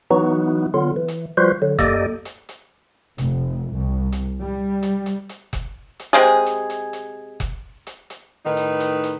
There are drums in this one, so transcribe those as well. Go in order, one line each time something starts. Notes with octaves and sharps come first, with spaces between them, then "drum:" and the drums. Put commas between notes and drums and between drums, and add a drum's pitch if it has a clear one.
E3 F#3 B3 D#4 F#4
D3 F#3 B3 F4
E3
drum: hi-hat
F3 G3 F4 F#4 B4 C5
D3 F#3
F#2 A#3 G4 A4 D5 D#5, drum: kick F1, hi-hat
drum: hi-hat
drum: hi-hat
F1, drum: hi-hat
C2
drum: hi-hat
G3
drum: hi-hat
drum: hi-hat
drum: hi-hat
drum: kick F1, hi-hat
drum: hi-hat
C3 G#3 G#4
drum: hi-hat
drum: hi-hat
drum: hi-hat
drum: hi-hat
drum: kick F1, hi-hat
drum: hi-hat
drum: hi-hat
A2 D#3 D#4 B4
drum: hi-hat
drum: hi-hat
drum: hi-hat